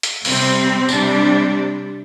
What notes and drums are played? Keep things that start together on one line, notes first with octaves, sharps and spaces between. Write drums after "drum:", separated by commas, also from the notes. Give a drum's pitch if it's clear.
drum: hi-hat
C3 G3 C4, drum: open hi-hat
C3 G3 D4 G4, drum: tambourine